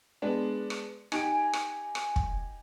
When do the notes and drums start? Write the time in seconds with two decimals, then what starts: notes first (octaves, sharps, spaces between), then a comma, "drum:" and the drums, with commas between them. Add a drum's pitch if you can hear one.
0.22 G#3 B3 D4
0.70 drum: rim click
1.12 D#4 G4 G#5 D7, drum: rim click
1.53 drum: rim click
1.95 drum: rim click
2.16 drum: kick